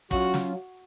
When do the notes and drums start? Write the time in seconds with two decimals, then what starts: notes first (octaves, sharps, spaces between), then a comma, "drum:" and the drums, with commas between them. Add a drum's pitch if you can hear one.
0.11 F#3 C#4 F4 F#4, drum: kick
0.34 drum: snare